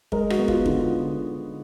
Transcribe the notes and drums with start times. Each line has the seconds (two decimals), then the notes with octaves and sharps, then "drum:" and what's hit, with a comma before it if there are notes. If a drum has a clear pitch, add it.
0.12 G#3 A#4, drum: kick
0.30 F#4, drum: rim click
0.39 B3
0.48 F4, drum: kick
0.66 D3, drum: kick